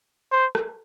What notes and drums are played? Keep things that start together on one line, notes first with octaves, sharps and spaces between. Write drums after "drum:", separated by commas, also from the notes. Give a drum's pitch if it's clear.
C5
drum: rim click